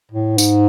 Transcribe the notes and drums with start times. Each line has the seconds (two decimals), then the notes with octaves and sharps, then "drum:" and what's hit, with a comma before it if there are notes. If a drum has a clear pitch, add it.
0.12 A2
0.38 G#2, drum: tambourine